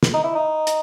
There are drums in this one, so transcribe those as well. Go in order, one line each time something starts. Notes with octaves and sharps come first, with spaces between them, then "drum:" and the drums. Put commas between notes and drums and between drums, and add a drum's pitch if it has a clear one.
drum: snare
D#4
E4
D#4
drum: hi-hat